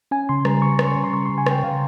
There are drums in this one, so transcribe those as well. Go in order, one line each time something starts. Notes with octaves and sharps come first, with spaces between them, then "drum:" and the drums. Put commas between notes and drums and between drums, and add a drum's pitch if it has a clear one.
C#4 G#5
C#3 C6
G3 A#5, drum: rim click
C#3 C#6
C#4, drum: rim click
C#6
C#3
C6
G3 C#6
C#3 C6
G#5
C#4 G5, drum: rim click
C#3 F5